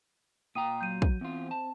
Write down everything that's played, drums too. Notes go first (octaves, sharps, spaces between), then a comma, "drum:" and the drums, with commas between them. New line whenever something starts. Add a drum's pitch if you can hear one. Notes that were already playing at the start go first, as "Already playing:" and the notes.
A#2 F4 G5 A#5 D#6 D#7
F#3 G6 D#7
drum: kick
E2 C4 F4
A5